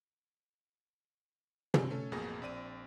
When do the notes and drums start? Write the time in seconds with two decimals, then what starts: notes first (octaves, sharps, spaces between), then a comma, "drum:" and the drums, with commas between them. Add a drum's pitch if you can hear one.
1.74 G2 C4, drum: tom
1.90 A3 C#4 A4 C#5
2.12 A1 F2 B2 A#3 G#4 A#6
2.42 A#1 C4 D5 D#7